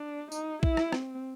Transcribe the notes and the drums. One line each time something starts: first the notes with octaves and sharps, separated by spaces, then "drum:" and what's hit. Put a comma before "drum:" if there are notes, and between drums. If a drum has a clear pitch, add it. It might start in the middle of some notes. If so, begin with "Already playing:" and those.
Already playing: D4
D#4, drum: tambourine
E4, drum: kick A#1
drum: rim click
C4, drum: rim click